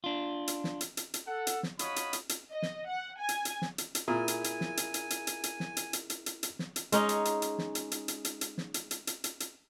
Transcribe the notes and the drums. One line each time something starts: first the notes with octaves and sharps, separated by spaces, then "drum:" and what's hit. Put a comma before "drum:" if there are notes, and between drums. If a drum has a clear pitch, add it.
D4 F4
drum: hi-hat
drum: snare
drum: hi-hat
drum: hi-hat
drum: hi-hat
A4 F#5
drum: hi-hat
drum: snare
D#4 F#4 C#5 F5 B5 D#6, drum: hi-hat
drum: hi-hat
drum: hi-hat
drum: hi-hat
D#5
drum: snare
F#5
G#5
drum: hi-hat
drum: hi-hat
drum: snare
drum: hi-hat
drum: hi-hat
A#2 E4 G#4 A#4 G#5
drum: hi-hat
drum: hi-hat
drum: snare
drum: hi-hat
drum: hi-hat
drum: hi-hat
drum: hi-hat
drum: hi-hat
drum: snare
drum: hi-hat
drum: hi-hat
drum: hi-hat
drum: hi-hat
drum: hi-hat
drum: snare
drum: hi-hat
G#3 C#4 D#4, drum: hi-hat
drum: hi-hat
drum: hi-hat
drum: hi-hat
drum: snare
drum: hi-hat
drum: hi-hat
drum: hi-hat
drum: hi-hat
drum: hi-hat
drum: snare
drum: hi-hat
drum: hi-hat
drum: hi-hat
drum: hi-hat
drum: hi-hat